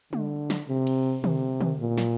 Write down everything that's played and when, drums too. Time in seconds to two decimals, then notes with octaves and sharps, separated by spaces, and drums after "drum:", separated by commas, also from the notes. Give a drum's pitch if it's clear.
0.13 D3, drum: tom G3
0.50 drum: snare
0.68 C3
0.87 drum: cymbal
1.24 C3, drum: tom
1.61 drum: tom
1.79 A#2
1.98 drum: snare